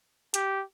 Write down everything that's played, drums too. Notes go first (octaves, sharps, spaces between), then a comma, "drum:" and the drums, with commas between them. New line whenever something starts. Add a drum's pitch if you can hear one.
G4, drum: hi-hat